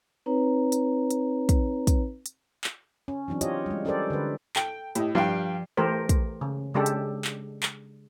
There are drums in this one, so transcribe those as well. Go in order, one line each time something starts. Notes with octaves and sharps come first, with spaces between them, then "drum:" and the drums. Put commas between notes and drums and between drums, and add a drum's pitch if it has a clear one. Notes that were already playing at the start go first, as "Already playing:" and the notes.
C4 D#4 B4 C#5 A#5
drum: hi-hat
drum: hi-hat
drum: kick, hi-hat
drum: kick, hi-hat
drum: hi-hat
drum: clap
C#4
E3 F#3 C4 D4
F4 G4 C#5 D#5, drum: hi-hat
G3 G#3
C#4 G4 A4 A#4 C5 D5
D3 B4
A4 G5, drum: clap
A2 G4 D#5, drum: hi-hat
G2 F3 G4 D5 F5 G5
E3 A3 G4 A#4 C5
drum: kick, hi-hat
C#3
C#3 G#3 D4 G4 A4
drum: hi-hat
drum: clap
drum: clap